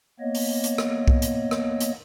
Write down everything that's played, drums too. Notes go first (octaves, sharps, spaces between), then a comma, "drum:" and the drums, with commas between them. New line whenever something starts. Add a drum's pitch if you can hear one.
A#3 B3 C#5 D#5
drum: open hi-hat
drum: hi-hat
drum: rim click
drum: kick
drum: hi-hat
drum: rim click
drum: hi-hat